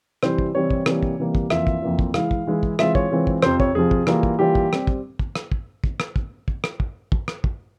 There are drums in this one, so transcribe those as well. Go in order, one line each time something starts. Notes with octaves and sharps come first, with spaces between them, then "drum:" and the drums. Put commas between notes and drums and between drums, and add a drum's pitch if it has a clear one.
C3 E3 G3 C4 E4 C5, drum: rim click
drum: kick
C3 E3 G3 C4 E4 C#5
drum: kick
C3 E3 G3 A#3, drum: rim click
drum: kick
C3 E3 G3 A#3
drum: kick
F2 E3 A#3 F4 E5, drum: rim click
drum: kick
F2 E3 A#3 F4
drum: kick
E3 G#3 E4 F5, drum: rim click
drum: kick
E3 G#3 E4
drum: kick
E3 G#3 C4 F4 E5, drum: rim click
C#5, drum: kick
E3 G#3 C4 F4
drum: kick
F2 C3 F3 C5, drum: rim click
C#5, drum: kick
F2 C3 F3 G#4
drum: kick
E3 G3 A#3 F4, drum: rim click
drum: kick
E3 G3 A#3 F4 G4
drum: kick
G3 C4, drum: rim click
drum: kick
drum: kick
drum: rim click
drum: kick
drum: kick
drum: rim click
drum: kick
drum: kick
drum: rim click
drum: kick
drum: kick
drum: rim click
drum: kick